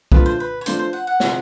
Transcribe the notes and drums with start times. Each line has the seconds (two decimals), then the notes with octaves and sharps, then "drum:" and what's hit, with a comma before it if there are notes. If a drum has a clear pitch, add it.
0.12 F3 A3 D4 F4 B4, drum: kick B1
0.26 C5
0.40 B4
0.61 C#5
0.66 F3 A3 D4 F4 C5, drum: hi-hat
0.79 C5
0.93 F#5
1.07 F#5
1.20 C3 F3 G#3, drum: snare